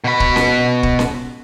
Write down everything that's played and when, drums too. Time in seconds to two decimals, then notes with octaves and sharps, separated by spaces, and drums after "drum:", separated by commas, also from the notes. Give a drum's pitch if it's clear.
0.04 B2 B5
0.20 drum: kick
0.36 drum: snare C#4
0.83 drum: kick
0.99 drum: snare C#4